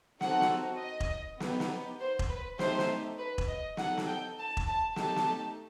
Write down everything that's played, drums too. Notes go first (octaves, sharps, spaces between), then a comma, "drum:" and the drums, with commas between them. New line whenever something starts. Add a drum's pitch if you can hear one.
C4 D#4 F#4 A4 F#5, drum: snare
drum: snare
D#5
drum: kick E1
B3 D#4 G4, drum: snare
drum: snare
C5
drum: kick E1
B4
A3 D#4 G4 C5, drum: snare
drum: snare
B4
drum: kick E1
D#5
D#4 A4 F#5, drum: snare
drum: snare
G5
A5
drum: kick E1
A5
A3 D#4 G4 A5, drum: snare
drum: snare